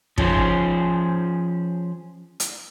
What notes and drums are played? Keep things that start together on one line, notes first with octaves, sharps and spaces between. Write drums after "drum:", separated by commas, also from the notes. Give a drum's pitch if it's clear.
F3 C#4 G#4 C5, drum: kick
drum: hi-hat